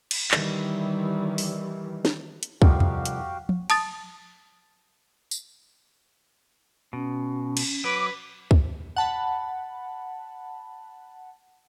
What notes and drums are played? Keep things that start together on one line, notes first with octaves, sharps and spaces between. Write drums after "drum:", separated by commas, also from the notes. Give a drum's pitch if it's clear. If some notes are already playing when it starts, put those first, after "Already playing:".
drum: cymbal
D#3 E3 G3, drum: clap
drum: open hi-hat
drum: snare
drum: hi-hat
C2 F2 F3 F#4 G4 F5, drum: kick
drum: tom E2
drum: hi-hat
drum: tom
A5 D#6 A6, drum: cymbal
drum: tambourine
B2 C#4
drum: cymbal
F#3 B4 D6
drum: kick
F#5 A5 B5